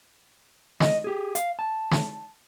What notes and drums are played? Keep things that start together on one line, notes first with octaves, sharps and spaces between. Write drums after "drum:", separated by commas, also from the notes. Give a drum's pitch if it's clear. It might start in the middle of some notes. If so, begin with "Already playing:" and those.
D#5, drum: snare
G4 G#4
F5, drum: hi-hat
A5
drum: snare